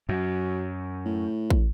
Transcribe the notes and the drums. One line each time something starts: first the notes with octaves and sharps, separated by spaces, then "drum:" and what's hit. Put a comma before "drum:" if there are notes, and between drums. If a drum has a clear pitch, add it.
F#2 F#3
A2
drum: kick